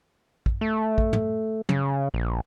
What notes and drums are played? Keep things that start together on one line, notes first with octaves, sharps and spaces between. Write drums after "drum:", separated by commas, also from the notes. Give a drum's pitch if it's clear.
drum: kick
A3
drum: kick
drum: tom
C#3, drum: tom
A#1